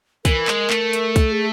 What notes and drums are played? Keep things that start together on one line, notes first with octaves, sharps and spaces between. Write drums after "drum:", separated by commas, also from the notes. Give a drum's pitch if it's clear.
E3 A#4, drum: kick, hi-hat
G#3, drum: clap
A3, drum: clap
drum: hi-hat
A4, drum: kick, hi-hat
G#4